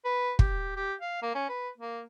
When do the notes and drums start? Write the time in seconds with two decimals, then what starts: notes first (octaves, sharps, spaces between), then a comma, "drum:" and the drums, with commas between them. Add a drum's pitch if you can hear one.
0.05 B4
0.39 G4, drum: kick
0.76 G4
1.01 F5
1.22 A#3
1.35 C#4
1.49 B4
1.78 A#3